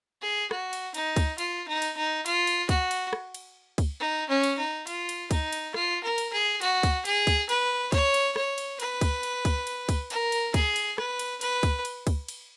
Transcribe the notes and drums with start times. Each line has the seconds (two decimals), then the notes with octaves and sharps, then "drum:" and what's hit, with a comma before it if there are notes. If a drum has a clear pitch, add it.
0.22 G#4
0.51 F#4, drum: rim click
0.73 drum: cymbal
0.94 D#4, drum: cymbal
1.16 drum: kick C#2, cymbal
1.38 F4, drum: cymbal
1.68 D#4
1.82 drum: cymbal
1.96 D#4
2.26 F4, drum: cymbal
2.47 drum: cymbal
2.69 F#4, drum: kick C#2, cymbal
2.91 drum: cymbal
3.13 drum: rim click
3.34 drum: cymbal
3.78 drum: kick C#2, cymbal
4.00 D#4
4.29 C#4
4.44 drum: cymbal
4.58 D#4
4.87 F4, drum: cymbal
5.09 drum: cymbal
5.31 D#4, drum: kick C#2, cymbal
5.53 drum: cymbal
5.74 F4, drum: rim click
6.03 A#4
6.18 drum: cymbal
6.33 G#4
6.61 F#4, drum: cymbal
6.83 drum: kick C#2, cymbal
7.05 G#4, drum: cymbal
7.27 drum: kick C#2, cymbal
7.49 B4, drum: cymbal
7.92 C#5, drum: kick C#2, cymbal
8.14 drum: cymbal
8.36 C#5, drum: rim click
8.58 drum: cymbal
8.80 B4, drum: cymbal
9.01 drum: kick C#2, cymbal
9.23 drum: cymbal
9.45 drum: kick C#2, cymbal
9.67 drum: cymbal
9.89 drum: kick C#2, cymbal
10.10 A#4, drum: cymbal
10.32 drum: cymbal
10.54 G#4, drum: kick C#2, cymbal
10.76 drum: cymbal
10.98 B4, drum: rim click
11.19 drum: cymbal
11.41 B4, drum: cymbal
11.63 drum: kick C#2, cymbal
11.85 drum: cymbal
12.07 drum: kick C#2, cymbal
12.28 drum: cymbal